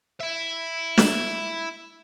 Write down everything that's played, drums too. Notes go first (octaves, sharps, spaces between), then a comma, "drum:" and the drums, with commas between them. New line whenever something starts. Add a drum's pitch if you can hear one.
E4 E5
drum: snare